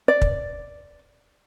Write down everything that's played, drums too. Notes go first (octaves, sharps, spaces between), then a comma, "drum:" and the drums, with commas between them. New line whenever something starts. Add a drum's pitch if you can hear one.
D5
drum: kick